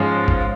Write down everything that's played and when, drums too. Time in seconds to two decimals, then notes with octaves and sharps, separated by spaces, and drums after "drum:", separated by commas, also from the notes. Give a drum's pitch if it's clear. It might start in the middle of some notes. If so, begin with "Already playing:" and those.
Already playing: G#2 F3 G#3 C#4 F4
0.28 drum: kick G1